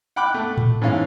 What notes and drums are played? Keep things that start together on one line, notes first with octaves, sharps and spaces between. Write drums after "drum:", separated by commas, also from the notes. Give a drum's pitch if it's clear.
F#5 G5 B5 D6 F#6
A3
drum: tom A2
G#2 E3 C#4 F5